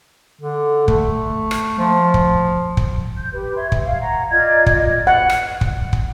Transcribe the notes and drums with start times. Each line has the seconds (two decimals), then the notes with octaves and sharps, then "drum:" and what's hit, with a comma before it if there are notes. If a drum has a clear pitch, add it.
0.41 D3
0.88 A3, drum: kick
1.51 drum: rim click
1.79 F3
2.14 drum: kick
2.77 drum: kick
3.17 G6
3.32 G4 B4
3.55 C#5 E5 C6
3.72 drum: kick
3.82 F5
3.99 C#5 F#5 A#5
4.29 F4 D5 D#5 G#6
4.66 drum: kick
5.07 F#5
5.30 drum: rim click
5.61 drum: kick
5.93 drum: kick